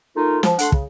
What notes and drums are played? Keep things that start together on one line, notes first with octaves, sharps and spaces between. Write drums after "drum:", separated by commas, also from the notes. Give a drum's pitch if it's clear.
A3 D#4 F4 A#4
F3, drum: snare
A3 D4 F#5 C6, drum: hi-hat
C#3, drum: kick